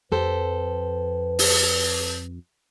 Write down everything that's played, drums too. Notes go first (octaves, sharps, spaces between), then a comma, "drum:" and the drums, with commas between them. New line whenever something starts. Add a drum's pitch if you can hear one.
F2 G4 A4 B4 C5
drum: open hi-hat